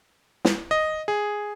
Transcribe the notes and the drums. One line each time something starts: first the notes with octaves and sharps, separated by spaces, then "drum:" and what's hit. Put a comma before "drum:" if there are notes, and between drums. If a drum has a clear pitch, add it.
drum: snare
D#5
G#4